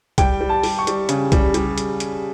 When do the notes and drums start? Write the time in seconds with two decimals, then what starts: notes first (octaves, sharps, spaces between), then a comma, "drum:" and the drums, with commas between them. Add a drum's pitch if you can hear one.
0.18 G3 G5, drum: kick B1, hi-hat
0.41 G3
0.49 A5
0.63 G3, drum: open hi-hat
0.78 C#6
0.87 G3, drum: hi-hat
1.09 C#3, drum: hi-hat
1.32 G3, drum: kick B1, hi-hat
1.54 G3, drum: hi-hat
1.78 drum: hi-hat
2.00 drum: hi-hat